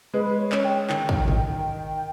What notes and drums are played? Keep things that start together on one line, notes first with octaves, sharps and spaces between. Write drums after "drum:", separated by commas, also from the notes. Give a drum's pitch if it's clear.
G#3 B4
C#5
C#4, drum: clap
G5
D#3, drum: clap
drum: kick
D#3, drum: tom